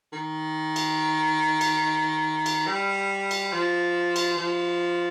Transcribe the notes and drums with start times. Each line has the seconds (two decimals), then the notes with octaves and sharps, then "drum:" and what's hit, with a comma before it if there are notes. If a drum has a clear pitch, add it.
0.12 D#3
0.76 drum: cymbal
1.61 drum: cymbal
2.46 drum: cymbal
2.67 G3
3.31 drum: cymbal
3.52 F3
4.16 drum: cymbal
4.37 F3